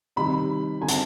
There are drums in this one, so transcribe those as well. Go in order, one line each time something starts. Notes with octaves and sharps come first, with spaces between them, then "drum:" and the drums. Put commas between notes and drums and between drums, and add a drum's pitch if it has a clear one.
C3 D#3 G3 B5
D3 G3 C4 G#5
A5, drum: hi-hat